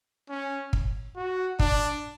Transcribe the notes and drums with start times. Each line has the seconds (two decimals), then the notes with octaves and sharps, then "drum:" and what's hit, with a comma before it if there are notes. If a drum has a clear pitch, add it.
0.29 C#4
0.73 drum: kick
1.16 F#4
1.59 D4, drum: kick